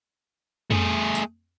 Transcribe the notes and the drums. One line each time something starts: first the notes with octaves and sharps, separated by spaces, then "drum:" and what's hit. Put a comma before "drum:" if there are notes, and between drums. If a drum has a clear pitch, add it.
A3 G#4, drum: tom F2
drum: hi-hat